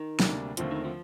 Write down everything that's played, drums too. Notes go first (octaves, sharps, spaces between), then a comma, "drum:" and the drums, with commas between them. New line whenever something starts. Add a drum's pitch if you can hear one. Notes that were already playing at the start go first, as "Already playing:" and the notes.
Already playing: D#3
D2 C3 G3 A#3 D4, drum: snare
D#2 D3 F3 A3 C4 F4, drum: hi-hat
D#3
F3